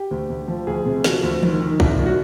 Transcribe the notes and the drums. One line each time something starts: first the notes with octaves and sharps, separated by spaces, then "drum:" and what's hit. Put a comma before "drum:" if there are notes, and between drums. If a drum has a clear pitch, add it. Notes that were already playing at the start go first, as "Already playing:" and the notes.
Already playing: G4
D2
D2
F3
D2 G#4
C3
F3 F#4, drum: snare
D2
D#3, drum: tom E3
D#3
C2, drum: kick
C2
F#4